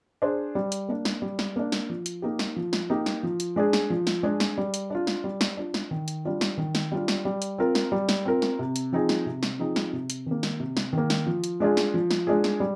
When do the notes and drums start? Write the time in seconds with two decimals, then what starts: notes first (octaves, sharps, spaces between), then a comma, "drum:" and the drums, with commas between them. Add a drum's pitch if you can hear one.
0.22 D4 G#4 C5
0.55 G3
0.72 drum: hi-hat
0.89 A#3 D4
1.05 drum: snare
1.22 G3
1.39 drum: snare
1.56 A#3 D4
1.72 drum: snare
1.89 F3
2.06 drum: hi-hat
2.22 A#3 D#4 G4
2.39 drum: snare
2.56 F3
2.73 drum: snare
2.90 A#3 D#4 G4
3.06 drum: snare
3.23 F3
3.40 drum: hi-hat
3.56 G#3 D4 G#4
3.73 drum: snare
3.90 F3
4.07 drum: snare
4.23 G#3 D4 G#4
4.40 drum: snare
4.58 G3
4.74 drum: hi-hat
4.90 D4 F4
5.07 drum: snare
5.24 G3
5.41 drum: snare
5.57 D4 F4
5.74 drum: snare
5.91 D#3
6.08 drum: hi-hat
6.25 G3 D4 F4
6.41 drum: snare
6.58 D#3
6.75 drum: snare
6.92 G3 D4 F4
7.08 drum: snare
7.25 G3
7.42 drum: hi-hat
7.58 C4 F4 A#4
7.75 drum: snare
7.92 G3
8.09 drum: snare
8.25 C4 F4 A#4
8.42 drum: snare
8.59 C3
8.76 drum: hi-hat
8.92 F3 C4 D#4 G#4
9.09 drum: snare
9.26 C3
9.43 drum: snare
9.59 F3 C4 D#4 G#4
9.76 drum: snare
9.93 C3
10.10 drum: hi-hat
10.26 D#3 A#3
10.43 drum: snare
10.60 C3
10.77 drum: snare
10.93 D#3 A#3
11.10 drum: snare
11.27 F3
11.44 drum: hi-hat
11.60 G#3 D4 F4 G#4
11.77 drum: snare
11.94 F3
12.11 drum: snare
12.27 G#3 D4 F4 G#4
12.44 drum: snare
12.60 G3